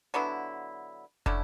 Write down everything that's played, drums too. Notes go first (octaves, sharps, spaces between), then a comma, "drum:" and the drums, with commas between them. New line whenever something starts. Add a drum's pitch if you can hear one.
D3 F#3 B3 E4
D3 A3 C#4 E4, drum: kick